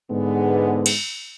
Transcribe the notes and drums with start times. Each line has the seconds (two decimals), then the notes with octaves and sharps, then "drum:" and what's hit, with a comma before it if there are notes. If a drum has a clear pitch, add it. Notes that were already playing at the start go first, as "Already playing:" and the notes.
0.11 G#2 D3 G#3 B3
0.86 drum: cymbal